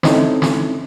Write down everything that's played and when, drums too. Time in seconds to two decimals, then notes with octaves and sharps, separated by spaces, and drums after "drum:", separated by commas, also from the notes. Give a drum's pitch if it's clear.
0.03 C4 C#4 D#4 E4 A4, drum: snare
0.42 drum: snare